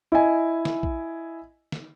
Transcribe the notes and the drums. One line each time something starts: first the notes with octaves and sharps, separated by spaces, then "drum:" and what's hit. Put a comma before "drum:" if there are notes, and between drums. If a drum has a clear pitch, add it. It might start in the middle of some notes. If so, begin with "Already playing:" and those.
E4 D#5 G#5
drum: snare
drum: kick A#1
drum: snare